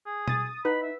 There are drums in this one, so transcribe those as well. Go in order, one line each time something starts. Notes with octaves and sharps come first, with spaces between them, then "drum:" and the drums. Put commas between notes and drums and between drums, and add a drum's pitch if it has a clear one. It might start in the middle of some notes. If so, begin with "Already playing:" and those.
G#4
D#6 A6, drum: tom B2
D#4 B4 B5
E5